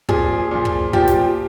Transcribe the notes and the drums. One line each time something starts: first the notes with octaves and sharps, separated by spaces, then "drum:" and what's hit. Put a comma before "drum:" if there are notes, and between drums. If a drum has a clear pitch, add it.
A#2 F3 G#4, drum: kick
A#2 F3
drum: kick
A#2 F3 G4, drum: kick
drum: snare